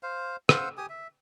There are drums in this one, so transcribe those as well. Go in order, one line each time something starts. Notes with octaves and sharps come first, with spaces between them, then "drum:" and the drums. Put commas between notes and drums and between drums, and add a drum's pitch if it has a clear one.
C5 F5
C5 F5 F#5 E6, drum: rim click
G4 G#5 D#6
E5